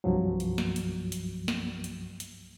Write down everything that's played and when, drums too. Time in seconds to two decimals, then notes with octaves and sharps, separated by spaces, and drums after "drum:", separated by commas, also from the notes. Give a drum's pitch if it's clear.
0.04 C2 G2 F3 F#3
0.40 drum: hi-hat
0.58 drum: snare
0.76 drum: hi-hat
1.12 drum: hi-hat
1.48 drum: snare
1.84 drum: hi-hat
2.20 drum: hi-hat